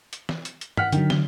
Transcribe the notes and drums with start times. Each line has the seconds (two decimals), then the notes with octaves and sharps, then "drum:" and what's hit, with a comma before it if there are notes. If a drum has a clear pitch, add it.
0.13 drum: hi-hat
0.29 drum: snare
0.45 drum: hi-hat
0.61 drum: hi-hat
0.77 F#5 F6 B6, drum: tom G2
0.92 D3 D#3 F#3, drum: hi-hat
1.10 G7, drum: snare